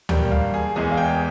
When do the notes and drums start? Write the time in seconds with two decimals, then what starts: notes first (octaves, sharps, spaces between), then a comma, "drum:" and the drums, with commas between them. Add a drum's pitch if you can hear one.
0.09 G2 G3 A#3 G5, drum: tom D2
0.31 F5
0.54 G#4
0.76 E2 E3 G#3 G#4
0.91 F5
0.97 G5